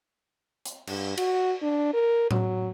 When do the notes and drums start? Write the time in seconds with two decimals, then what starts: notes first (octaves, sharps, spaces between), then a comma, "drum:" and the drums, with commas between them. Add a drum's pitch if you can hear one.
0.65 drum: hi-hat
0.87 G2, drum: cymbal
1.18 F#4, drum: cymbal
1.62 D4
1.94 A#4
2.31 F#3, drum: tom A2